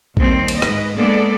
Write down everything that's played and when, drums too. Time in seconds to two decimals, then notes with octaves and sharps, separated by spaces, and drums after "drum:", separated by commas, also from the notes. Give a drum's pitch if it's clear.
0.17 D#2 G3 C4, drum: kick
0.48 drum: cymbal
0.62 G#2 B4 D#5, drum: rim click
0.98 G#3 A#3 B3 D4 A4 D5